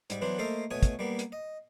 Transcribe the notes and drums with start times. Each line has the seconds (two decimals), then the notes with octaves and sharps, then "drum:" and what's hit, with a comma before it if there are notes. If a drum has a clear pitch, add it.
0.10 G#2 G3, drum: hi-hat
0.21 E3 F#3 B3 D4 C5
0.39 A3 A#3 A4 C5 D#5 F5
0.71 B2 A3 C#5 G#5 D#6
0.83 drum: kick, hi-hat
0.99 G3 A#3 B3
1.19 drum: hi-hat
1.32 D#5